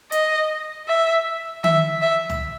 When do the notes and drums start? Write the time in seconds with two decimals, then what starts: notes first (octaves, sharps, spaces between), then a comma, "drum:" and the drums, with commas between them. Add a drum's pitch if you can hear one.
0.12 D#5, drum: hi-hat
0.88 E5
1.64 E5, drum: tom D#3
2.02 E5
2.29 drum: tom